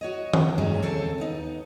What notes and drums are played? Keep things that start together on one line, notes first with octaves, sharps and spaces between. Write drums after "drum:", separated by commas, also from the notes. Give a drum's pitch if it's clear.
F#4 C#5 D#5
drum: tom D#3
G2 A#2 F#3 G#3 C#4 D#4
D#2 C#3 C4 A4 C#5
D#2 B3 D#4